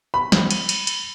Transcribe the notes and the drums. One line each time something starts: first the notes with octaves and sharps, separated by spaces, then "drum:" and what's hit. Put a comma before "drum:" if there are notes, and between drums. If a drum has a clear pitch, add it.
B5
drum: snare
drum: cymbal
drum: cymbal
drum: cymbal